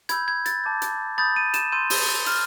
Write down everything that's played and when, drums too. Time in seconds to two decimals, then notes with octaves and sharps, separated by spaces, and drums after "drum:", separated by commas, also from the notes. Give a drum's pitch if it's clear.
0.09 B5 E6 G6 G#6, drum: hi-hat
0.28 G#6
0.46 A6, drum: hi-hat
0.64 A5 D6 G6
0.82 drum: hi-hat
1.18 B5 D#6 G6 A6
1.36 D#7
1.54 E7, drum: hi-hat
1.72 C6 E6 G6 D#7
1.90 drum: open hi-hat
2.26 C6 F6, drum: hi-hat